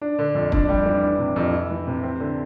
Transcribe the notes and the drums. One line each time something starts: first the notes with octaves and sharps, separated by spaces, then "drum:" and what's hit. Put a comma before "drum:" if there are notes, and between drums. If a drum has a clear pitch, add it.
D4
D3
F2
D4, drum: kick
G3
E3
D4
C3
F2
E4
E3
C3
C4
D3